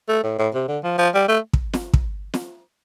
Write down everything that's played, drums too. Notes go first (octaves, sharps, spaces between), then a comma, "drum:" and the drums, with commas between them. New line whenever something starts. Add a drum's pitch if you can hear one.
A3
A2
A2
C3
D3
F3
F3
G3
A3
drum: kick
drum: snare
drum: kick
drum: snare